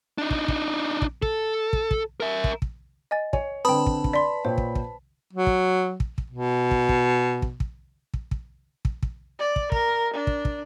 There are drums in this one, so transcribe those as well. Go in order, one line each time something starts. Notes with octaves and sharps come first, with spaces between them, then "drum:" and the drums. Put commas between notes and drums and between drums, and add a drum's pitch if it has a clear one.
D4 D#4
drum: kick
drum: kick
drum: kick
A4, drum: kick
drum: kick
drum: kick
A#4 E5
drum: kick
drum: kick
D#5 G#5 A6
C#5 G#5, drum: kick
D3 C4 B4 G5 A5 B5 D#6
drum: kick
drum: kick
D5 C6 B6
A#2 C5 C#5 G5
drum: kick
drum: kick
F#3
drum: kick
drum: kick
drum: kick
B2
drum: kick
drum: kick
drum: kick
drum: kick
drum: kick
drum: kick
drum: kick
drum: kick
D5
drum: kick
A#4, drum: kick
D4
drum: kick
drum: kick